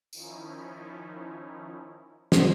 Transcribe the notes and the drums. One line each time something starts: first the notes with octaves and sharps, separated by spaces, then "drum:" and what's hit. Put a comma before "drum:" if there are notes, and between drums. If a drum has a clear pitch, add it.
D#3 F3 C#4 D#4 E4, drum: tambourine
drum: snare